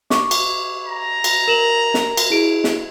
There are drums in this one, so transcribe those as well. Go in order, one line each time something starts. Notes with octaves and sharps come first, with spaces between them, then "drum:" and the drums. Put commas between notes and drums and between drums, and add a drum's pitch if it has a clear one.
C#6 D6, drum: snare
drum: cymbal
A#5
drum: cymbal
A#4 E7 F#7
drum: snare
drum: cymbal
E4 G#4 D7
drum: snare